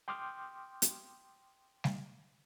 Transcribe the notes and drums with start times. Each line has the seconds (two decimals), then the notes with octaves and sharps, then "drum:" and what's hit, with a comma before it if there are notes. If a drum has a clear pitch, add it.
0.08 G5 C6 D6 D#6 F6 G6
0.82 drum: hi-hat
1.84 drum: snare G3